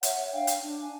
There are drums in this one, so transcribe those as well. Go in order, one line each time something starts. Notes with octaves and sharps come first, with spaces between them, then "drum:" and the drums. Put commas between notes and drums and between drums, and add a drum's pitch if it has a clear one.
C#5 E5 F#5, drum: hi-hat
D4 F5 G5
drum: hi-hat
D4
G#5